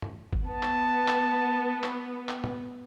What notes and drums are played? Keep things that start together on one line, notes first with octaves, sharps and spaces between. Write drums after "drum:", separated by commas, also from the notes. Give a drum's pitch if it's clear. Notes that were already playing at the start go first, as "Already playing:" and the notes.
drum: tom G2
drum: kick
B3 A5
drum: clap
drum: clap
drum: clap
drum: clap
drum: tom